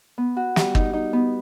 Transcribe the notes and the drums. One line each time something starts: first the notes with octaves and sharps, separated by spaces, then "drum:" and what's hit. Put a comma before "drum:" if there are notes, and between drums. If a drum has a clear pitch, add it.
B3
F#4
G3, drum: snare
D#4, drum: kick
D#4
B3